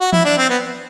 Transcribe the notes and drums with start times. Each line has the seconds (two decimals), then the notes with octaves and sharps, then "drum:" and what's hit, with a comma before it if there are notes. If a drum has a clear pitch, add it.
0.01 F#4
0.13 E4, drum: tom E3
0.25 D4
0.38 C4
0.49 B3